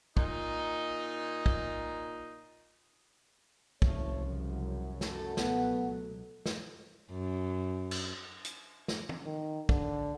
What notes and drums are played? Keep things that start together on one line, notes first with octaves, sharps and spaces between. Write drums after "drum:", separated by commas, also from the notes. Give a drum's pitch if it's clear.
A#2 D#4, drum: kick
drum: kick
F#1 C2 C#3 F3 A3 C#5, drum: kick
F#2
A3 A4, drum: snare
C#2 B2 F#3 B3 F#5, drum: snare
drum: snare
F#2
drum: cymbal
drum: hi-hat
drum: snare
drum: tom
D#3
D3, drum: kick